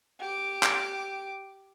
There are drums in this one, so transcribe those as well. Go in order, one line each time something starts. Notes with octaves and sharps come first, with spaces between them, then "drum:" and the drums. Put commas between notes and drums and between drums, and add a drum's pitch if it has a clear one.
G4 D6
drum: clap